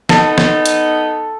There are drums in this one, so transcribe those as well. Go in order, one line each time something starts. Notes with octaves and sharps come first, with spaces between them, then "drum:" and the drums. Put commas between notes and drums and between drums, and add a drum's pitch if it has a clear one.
B3 D#4 A4, drum: snare
drum: snare
drum: hi-hat